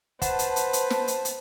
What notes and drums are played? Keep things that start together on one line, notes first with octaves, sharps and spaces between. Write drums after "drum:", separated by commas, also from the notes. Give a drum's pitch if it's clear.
B4 C5 F#5 A5, drum: kick, hi-hat
drum: hi-hat
drum: hi-hat
drum: hi-hat
drum: snare
drum: hi-hat
drum: hi-hat